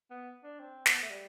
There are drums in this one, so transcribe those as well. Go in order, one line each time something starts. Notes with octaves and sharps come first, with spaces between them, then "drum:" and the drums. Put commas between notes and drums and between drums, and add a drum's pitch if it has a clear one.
B3
D4
C4
B3, drum: snare
A3
G3